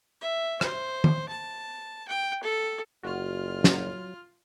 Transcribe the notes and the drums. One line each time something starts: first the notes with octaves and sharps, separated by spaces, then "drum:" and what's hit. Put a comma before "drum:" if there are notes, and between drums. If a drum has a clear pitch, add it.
E5
C5, drum: rim click
drum: tom
A5
G5
A4
F#1 F4 F#4 F6
F#3, drum: snare